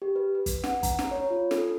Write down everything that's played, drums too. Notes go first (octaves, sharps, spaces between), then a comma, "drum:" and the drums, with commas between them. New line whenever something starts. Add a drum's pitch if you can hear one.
G4
B4
B4
drum: kick, hi-hat
F#5, drum: snare
A#5, drum: kick, hi-hat
drum: snare
C#5
F4
A4, drum: snare